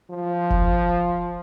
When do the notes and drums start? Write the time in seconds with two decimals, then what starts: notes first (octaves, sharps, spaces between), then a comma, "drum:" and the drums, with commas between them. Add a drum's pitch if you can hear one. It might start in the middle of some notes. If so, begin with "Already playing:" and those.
0.10 F3
0.50 drum: kick